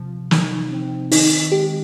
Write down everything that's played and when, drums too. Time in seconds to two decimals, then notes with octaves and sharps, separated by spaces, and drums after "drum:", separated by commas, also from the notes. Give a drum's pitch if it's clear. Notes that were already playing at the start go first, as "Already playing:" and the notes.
Already playing: C3 F3
0.31 D#4, drum: snare
0.71 C4
1.12 D#3 D#4, drum: open hi-hat
1.52 G#3 G4